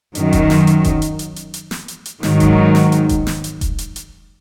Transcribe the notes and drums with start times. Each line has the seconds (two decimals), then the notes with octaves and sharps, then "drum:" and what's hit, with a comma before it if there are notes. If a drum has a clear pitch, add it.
0.15 F#2 D#3 F#3, drum: hi-hat
0.33 drum: kick E1, hi-hat
0.50 drum: snare
0.67 drum: hi-hat
0.84 drum: kick E1, hi-hat
1.02 drum: hi-hat
1.19 drum: hi-hat
1.36 drum: hi-hat
1.54 drum: hi-hat
1.71 drum: snare
1.88 drum: hi-hat
2.05 drum: hi-hat
2.23 G#2 D#3 F#3, drum: snare
2.40 drum: kick E1, hi-hat
2.75 drum: snare
2.92 drum: hi-hat
3.09 drum: kick E1, hi-hat
3.27 drum: snare
3.44 drum: hi-hat
3.61 drum: kick E1, hi-hat
3.78 drum: hi-hat
3.96 drum: hi-hat